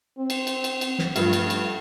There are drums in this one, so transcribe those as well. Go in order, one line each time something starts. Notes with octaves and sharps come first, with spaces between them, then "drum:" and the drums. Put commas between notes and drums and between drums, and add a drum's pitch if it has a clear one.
C4
drum: cymbal
drum: cymbal
drum: cymbal
drum: cymbal
drum: snare
G2 F3 A3, drum: cymbal
drum: cymbal
drum: cymbal